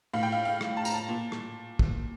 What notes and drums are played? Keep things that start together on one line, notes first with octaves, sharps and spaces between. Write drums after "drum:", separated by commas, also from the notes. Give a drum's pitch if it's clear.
A2 F5
G5
F5
F5
drum: rim click
A5
A#5, drum: tambourine
A5
A#2
drum: rim click
drum: kick